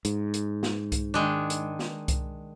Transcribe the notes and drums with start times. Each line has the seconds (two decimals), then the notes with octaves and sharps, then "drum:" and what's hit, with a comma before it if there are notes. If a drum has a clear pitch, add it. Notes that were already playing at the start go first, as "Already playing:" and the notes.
0.05 G#2, drum: hi-hat
0.34 drum: hi-hat
0.63 drum: snare
0.92 drum: kick C2, hi-hat
1.14 D#3 G#3 D4
1.50 drum: hi-hat
1.79 drum: snare
2.08 drum: kick C2, hi-hat